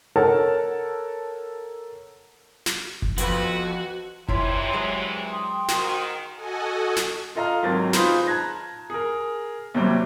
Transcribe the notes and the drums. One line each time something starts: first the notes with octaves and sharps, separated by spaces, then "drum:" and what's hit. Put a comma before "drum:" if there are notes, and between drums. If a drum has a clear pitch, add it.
A4 A#4 C#5 F#5 A5
drum: snare
drum: kick F#1
F2 B3 C4 F#4 B4, drum: hi-hat
G2 C3 E3 E4 F4 C#5 C6, drum: kick F#1
F#3 G#3
G5 C6 D#6
G#2 D#3 F#4, drum: snare
F#4 A4 D#5 F#5 G#5
drum: snare
F4 A4 D#5 F5 A#5 F6
G#1 F#3 C4 A#4 A6
D#4 F4 G#4 B4 C5 B5, drum: snare
A5 A#5 F#6 G#6 A#6
G#4 A#4
D#2 C3 F#3 G3 C5 D6